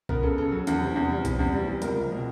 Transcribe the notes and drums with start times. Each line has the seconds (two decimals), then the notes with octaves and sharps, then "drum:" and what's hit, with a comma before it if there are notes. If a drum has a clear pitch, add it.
0.09 B3 A#4, drum: kick B1
0.23 C#3 A4
0.38 C#3 A4
0.52 F#3
0.67 E2, drum: hi-hat
0.81 C3
0.96 E2
1.10 G3
1.25 C3, drum: kick B1, hi-hat
1.39 E2
1.53 G3
1.67 C3
1.82 C#2 A#4, drum: hi-hat
1.96 C#2
2.12 B2